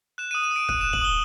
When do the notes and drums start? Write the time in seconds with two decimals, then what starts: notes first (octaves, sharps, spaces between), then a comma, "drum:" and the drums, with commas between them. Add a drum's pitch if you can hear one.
0.18 F#6 E7
0.31 D#6 D#7
0.44 D#7
0.51 D#6 D7
0.69 F#6 D#7, drum: kick
0.81 F#6 E7
0.93 F#7, drum: kick
1.01 D#6 G7